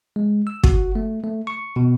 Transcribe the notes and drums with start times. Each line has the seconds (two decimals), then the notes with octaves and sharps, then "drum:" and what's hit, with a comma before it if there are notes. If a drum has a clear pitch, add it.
0.16 G#3
0.47 E6
0.64 F#4, drum: kick
0.95 A3
1.24 A3
1.47 C#6
1.76 B2